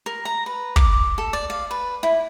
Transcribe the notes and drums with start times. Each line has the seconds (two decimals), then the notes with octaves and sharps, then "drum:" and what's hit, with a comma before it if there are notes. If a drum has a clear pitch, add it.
0.06 A#4
0.25 A#5
0.46 B4
0.76 D6, drum: kick
1.18 A4
1.33 D5
1.50 F5
1.71 B4
2.03 E4